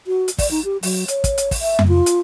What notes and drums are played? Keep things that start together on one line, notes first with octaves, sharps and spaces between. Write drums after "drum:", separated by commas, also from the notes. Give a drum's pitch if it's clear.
F#4
drum: hi-hat
D5, drum: kick, open hi-hat
D#4
G4
F#3, drum: open hi-hat
C#5, drum: hi-hat
drum: kick, hi-hat
drum: hi-hat
drum: kick, open hi-hat
E5
drum: tom F2
F4
drum: hi-hat